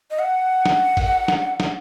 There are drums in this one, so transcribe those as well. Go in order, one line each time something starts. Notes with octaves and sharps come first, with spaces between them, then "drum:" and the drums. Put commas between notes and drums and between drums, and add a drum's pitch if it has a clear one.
D#5
F#5
drum: snare
drum: kick G#1, cymbal
drum: snare
drum: snare